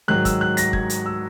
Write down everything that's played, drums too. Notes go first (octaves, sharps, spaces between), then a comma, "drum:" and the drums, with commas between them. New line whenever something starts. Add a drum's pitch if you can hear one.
G#2 D#3 F#3 F#6
E6, drum: kick, hi-hat
F#6
A#6, drum: hi-hat
G#6, drum: kick
drum: hi-hat
E6